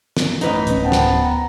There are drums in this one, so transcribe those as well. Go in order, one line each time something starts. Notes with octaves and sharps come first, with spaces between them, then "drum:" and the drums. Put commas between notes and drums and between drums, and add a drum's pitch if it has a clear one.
drum: snare
A1 D#4 B4 D#5 A#5, drum: hi-hat
D1 C#4, drum: hi-hat
B3 C5 G5 A5
drum: snare
A#5